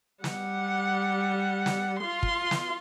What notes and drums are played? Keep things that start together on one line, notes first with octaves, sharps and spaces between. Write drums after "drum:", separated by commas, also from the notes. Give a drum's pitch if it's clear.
G3 F#5, drum: snare
drum: snare
F4 C6
drum: kick
drum: snare